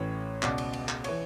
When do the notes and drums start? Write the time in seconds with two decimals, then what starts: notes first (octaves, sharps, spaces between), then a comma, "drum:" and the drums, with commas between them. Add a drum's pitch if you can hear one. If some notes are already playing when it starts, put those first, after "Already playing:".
Already playing: A1 A2 E3 C#5
0.43 C#2 B2 D5, drum: clap
0.58 drum: cymbal
0.73 drum: cymbal
0.89 drum: clap
1.04 E3 C#5, drum: cymbal